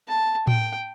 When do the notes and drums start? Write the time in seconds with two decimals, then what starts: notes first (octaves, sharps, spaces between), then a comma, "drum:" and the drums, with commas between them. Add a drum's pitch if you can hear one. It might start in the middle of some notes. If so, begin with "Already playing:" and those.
0.08 A5
0.47 G5, drum: tom A2